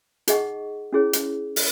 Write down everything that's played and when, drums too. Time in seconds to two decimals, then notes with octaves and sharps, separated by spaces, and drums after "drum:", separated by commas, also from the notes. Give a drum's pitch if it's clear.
0.28 D#4 G#4 D#5 F#5 C#6, drum: hi-hat
0.92 C#4 E4 G#4 C#5
1.13 drum: hi-hat
1.56 drum: open hi-hat